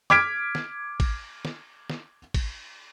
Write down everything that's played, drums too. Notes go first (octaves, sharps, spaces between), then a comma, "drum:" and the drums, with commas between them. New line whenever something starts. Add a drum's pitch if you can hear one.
D6 F6 G#6 B6 D7, drum: snare
drum: snare
drum: kick, cymbal
drum: snare
drum: snare
drum: kick, cymbal